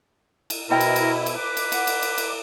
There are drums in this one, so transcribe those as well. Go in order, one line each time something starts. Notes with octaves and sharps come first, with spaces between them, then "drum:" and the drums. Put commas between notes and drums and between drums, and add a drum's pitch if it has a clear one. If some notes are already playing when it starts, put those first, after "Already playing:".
drum: cymbal
B2 E4 A#4 C5 D#5 G5
drum: cymbal
drum: cymbal
drum: cymbal
B4 D6
drum: cymbal
F#5, drum: cymbal
drum: cymbal
drum: cymbal
drum: cymbal